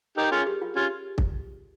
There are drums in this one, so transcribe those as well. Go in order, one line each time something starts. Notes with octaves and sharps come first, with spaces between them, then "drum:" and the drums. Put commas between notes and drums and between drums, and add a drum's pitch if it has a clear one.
D#4 G4 A#4
C#4 F4 G#4
G4
F4
C#4 F4 G4
drum: kick